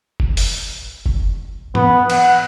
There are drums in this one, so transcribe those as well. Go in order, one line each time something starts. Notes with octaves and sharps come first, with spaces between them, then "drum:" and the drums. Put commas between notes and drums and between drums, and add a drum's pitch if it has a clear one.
drum: kick F#1
drum: open hi-hat
drum: kick F#1
B3, drum: tom
F#5, drum: cymbal